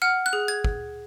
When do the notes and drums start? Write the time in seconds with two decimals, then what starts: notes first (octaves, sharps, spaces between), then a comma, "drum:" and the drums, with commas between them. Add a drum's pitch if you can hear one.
0.02 F#5 F6
0.26 F#6
0.33 G#4
0.48 G#6
0.64 drum: kick